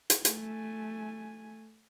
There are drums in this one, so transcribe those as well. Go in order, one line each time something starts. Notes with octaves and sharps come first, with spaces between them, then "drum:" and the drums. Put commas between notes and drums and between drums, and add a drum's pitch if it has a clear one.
drum: hi-hat
A3 G#5, drum: hi-hat